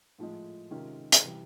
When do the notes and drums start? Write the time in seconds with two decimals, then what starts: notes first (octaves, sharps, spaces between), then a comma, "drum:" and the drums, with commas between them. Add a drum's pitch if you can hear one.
0.19 A2 F3 G#3
0.71 C3 D#3 G#3 C#4 F4
1.12 drum: hi-hat
1.23 C3 E3 G3